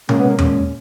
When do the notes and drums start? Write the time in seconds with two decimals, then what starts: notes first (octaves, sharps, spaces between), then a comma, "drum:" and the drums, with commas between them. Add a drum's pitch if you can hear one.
0.09 A#2 G#3 A#3 C#4, drum: tom C3
0.19 B3
0.29 A#3
0.39 A#2 G#3 C#4, drum: tom E2